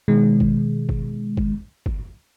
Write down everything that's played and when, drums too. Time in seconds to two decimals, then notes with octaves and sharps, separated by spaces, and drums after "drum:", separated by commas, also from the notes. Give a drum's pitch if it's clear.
0.08 B2 D#3 G#3
0.40 drum: kick G1
0.89 drum: kick G1
1.37 drum: kick G1
1.86 drum: kick G1